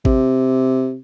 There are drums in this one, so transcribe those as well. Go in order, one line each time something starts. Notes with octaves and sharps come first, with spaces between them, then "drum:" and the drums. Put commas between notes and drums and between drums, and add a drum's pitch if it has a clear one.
C3, drum: kick G#1